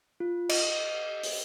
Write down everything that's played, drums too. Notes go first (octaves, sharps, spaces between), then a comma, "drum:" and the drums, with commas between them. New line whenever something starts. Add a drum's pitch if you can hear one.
F4
D#5, drum: cymbal
drum: open hi-hat